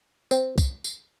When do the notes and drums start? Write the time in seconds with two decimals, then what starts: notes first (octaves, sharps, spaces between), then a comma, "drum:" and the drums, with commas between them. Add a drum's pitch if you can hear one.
0.31 C4, drum: tambourine
0.58 drum: kick, tambourine
0.84 drum: tambourine